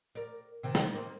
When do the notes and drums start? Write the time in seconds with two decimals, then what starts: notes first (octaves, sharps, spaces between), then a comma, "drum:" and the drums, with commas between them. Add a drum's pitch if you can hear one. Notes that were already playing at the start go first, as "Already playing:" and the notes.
0.15 A#4 D5
0.63 C3 D#3 C4
0.75 drum: snare
0.94 A#3 C4 D#4